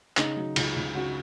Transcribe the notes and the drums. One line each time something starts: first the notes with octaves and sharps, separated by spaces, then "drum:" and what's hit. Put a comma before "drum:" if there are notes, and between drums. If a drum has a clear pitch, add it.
C#3 D#4, drum: clap
F#3
C#2, drum: cymbal
C#2
C#3 F#4